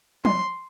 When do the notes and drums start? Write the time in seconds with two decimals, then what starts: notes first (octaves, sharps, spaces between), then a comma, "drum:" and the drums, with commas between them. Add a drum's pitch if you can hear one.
0.25 C6, drum: tom